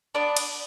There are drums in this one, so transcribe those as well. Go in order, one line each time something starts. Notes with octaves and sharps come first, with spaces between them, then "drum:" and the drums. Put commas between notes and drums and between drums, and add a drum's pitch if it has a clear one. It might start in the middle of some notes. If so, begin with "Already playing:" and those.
B3 D4 D5
drum: cymbal